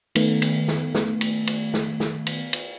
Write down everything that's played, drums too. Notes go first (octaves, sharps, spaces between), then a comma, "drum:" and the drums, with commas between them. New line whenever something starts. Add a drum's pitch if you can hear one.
D#3 A3 B3, drum: cymbal
drum: cymbal
drum: snare
drum: snare
drum: cymbal
drum: cymbal
drum: snare
drum: snare
drum: cymbal
drum: cymbal